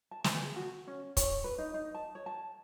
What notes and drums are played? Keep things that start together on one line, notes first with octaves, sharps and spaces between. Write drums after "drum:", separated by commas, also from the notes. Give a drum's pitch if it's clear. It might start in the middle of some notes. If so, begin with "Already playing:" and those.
A5
G#5, drum: snare
G#4
F#4
C#4
C#5, drum: kick, hi-hat
B4
D#4
D#4
A5
C#5
A5